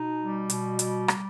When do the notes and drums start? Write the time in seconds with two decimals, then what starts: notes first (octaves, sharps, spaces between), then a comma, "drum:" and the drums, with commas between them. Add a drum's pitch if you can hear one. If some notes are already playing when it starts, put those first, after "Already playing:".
Already playing: B2 D#4
0.20 G3
0.50 B2, drum: hi-hat
0.79 G3, drum: hi-hat
1.08 drum: rim click